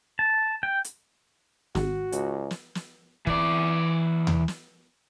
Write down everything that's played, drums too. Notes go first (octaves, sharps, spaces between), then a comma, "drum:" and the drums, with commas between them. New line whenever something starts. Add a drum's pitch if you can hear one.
A5
G5
drum: hi-hat
G#1 F#4, drum: snare
C#2, drum: hi-hat
drum: snare
drum: snare
E3 D5, drum: kick
drum: tom D#2
drum: snare